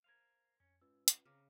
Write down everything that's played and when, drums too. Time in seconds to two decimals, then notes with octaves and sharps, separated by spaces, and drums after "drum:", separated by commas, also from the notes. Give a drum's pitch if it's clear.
0.04 A#4 C5 F5 G#6 F7
0.60 F2 C#4
0.82 G#2 C#4 F4 B4 E6
1.08 drum: hi-hat
1.25 C#3 C4 A#5 D6 F6